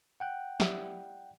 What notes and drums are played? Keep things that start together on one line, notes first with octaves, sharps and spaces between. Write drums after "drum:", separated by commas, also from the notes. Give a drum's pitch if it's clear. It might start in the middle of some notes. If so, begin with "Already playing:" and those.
F#5 G5 F#6
G3 E4, drum: snare